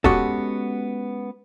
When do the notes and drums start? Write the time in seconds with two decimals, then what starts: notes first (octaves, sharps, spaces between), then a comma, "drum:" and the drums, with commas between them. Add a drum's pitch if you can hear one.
0.04 G#3 B3 C#4 F#4 G4 A4, drum: kick D#1